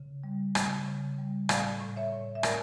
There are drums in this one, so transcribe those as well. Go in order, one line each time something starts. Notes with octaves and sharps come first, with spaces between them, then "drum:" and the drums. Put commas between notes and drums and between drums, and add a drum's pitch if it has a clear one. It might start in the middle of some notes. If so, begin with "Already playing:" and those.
Already playing: C#3
G3
C#3, drum: rim click
C#3
G3
A2 D5 F5, drum: rim click
A2
C#5 E5
A2
E5
A2 A#4 D5, drum: rim click